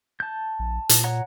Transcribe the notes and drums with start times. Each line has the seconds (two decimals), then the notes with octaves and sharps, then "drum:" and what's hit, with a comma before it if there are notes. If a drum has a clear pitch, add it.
0.20 A5 G6
0.59 A#1
0.89 A#2, drum: hi-hat
1.04 C#5 F#5 A#5